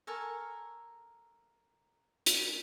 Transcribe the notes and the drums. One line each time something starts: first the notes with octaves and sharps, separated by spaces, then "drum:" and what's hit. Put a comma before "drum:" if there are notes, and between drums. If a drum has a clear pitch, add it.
A4 A#4 G#5 C#6
drum: hi-hat